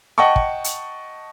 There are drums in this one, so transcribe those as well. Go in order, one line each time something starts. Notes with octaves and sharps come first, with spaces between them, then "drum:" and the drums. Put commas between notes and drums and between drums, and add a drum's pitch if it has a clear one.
D#5 F#5 G5 A5 C#6
drum: kick
drum: hi-hat